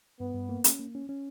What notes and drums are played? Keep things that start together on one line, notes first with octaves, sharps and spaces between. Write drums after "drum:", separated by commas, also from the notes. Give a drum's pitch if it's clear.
G2 B3
G2
A#3
C#4, drum: hi-hat
A#3
C#4
C#4